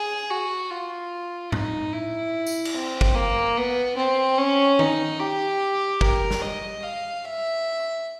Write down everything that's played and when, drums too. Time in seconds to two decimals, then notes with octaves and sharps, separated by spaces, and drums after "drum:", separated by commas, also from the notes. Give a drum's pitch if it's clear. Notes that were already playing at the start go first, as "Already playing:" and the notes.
Already playing: G#4
0.30 F#4
0.70 F4
1.52 D#4, drum: tom A2
1.93 E4
2.47 drum: tambourine
2.65 drum: cymbal
2.74 C4
3.01 drum: kick
3.15 A#3
3.57 B3
3.97 C4
4.38 C#4
4.79 D#4, drum: tom D#3
5.20 G4
6.01 A#4, drum: kick
6.31 drum: snare
6.42 D#5
6.83 F5
7.24 E5